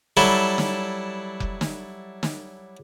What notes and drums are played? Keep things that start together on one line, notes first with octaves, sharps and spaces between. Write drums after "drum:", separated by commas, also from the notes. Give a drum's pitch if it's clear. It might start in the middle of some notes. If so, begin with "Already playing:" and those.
F#3 G3 E4 A4
drum: snare
drum: kick F1
drum: snare
drum: snare